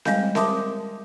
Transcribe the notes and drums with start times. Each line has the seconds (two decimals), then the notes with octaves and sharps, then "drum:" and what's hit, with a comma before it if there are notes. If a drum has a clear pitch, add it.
0.05 G3 G#3 D#5 F5 G6, drum: snare C4
0.35 A#4 E5 A5 C6 D6 D#6, drum: snare C4